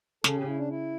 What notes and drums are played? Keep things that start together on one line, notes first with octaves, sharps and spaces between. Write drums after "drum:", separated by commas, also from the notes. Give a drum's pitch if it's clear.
C#3 A4, drum: snare
G4
E4
D4
E4